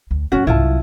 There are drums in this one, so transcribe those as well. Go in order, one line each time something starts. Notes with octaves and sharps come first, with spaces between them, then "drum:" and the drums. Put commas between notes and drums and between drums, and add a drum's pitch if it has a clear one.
D2
F#2 A2 C#4 F#4
C2 F#3 E4 F4 A5, drum: tom G2